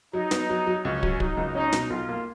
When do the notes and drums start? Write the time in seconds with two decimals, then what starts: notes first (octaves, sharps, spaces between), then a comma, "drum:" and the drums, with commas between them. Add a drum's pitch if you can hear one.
0.13 F#3 D#4
0.31 B3, drum: snare
0.50 F#3
0.66 F#3
0.84 C#2 C#4
1.03 F#3, drum: kick
1.20 F#3 D#4, drum: kick
1.37 C#2
1.55 C#4 D#4
1.72 B2, drum: snare
1.90 B1 F4
2.09 A#3